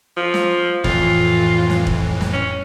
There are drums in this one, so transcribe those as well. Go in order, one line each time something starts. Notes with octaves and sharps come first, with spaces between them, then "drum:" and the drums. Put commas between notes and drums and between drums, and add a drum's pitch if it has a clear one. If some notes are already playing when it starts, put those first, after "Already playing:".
F3
drum: snare
F2 A2 E3 F4, drum: kick E1
drum: snare
drum: kick E1
drum: snare
C#4